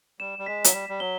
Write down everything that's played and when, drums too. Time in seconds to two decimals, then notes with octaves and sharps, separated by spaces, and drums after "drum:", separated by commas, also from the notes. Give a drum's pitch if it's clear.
0.20 G3 E7
0.39 G3
0.46 G#3 B6
0.64 F#3, drum: hi-hat
0.73 G3 E7
0.89 G3
1.00 F#3 G7